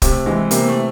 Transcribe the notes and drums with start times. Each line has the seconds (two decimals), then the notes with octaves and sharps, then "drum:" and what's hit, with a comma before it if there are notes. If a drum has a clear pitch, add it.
0.02 C3 A3, drum: kick, hi-hat
0.26 E3 G#3
0.51 C3 A#3, drum: hi-hat
0.68 A3